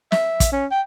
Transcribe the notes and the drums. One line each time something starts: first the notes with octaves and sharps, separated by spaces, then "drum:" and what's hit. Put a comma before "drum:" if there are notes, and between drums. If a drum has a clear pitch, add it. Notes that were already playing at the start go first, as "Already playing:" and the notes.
E5, drum: snare
drum: kick, hi-hat
C#4
G5